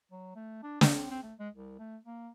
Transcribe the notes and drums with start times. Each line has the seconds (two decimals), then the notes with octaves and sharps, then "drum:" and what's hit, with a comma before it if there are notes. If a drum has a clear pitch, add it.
0.12 F#3
0.36 A3
0.63 D4
0.81 A#3, drum: snare
0.94 C4
1.10 C4
1.23 A3
1.39 G#3
1.55 C2
1.79 A3
2.05 A#3